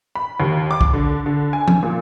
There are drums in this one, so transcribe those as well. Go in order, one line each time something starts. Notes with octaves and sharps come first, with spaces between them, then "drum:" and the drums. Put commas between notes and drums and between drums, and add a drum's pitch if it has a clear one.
B5
D#2
D6
drum: kick
D3
D3
G#5
drum: tom F3
A#2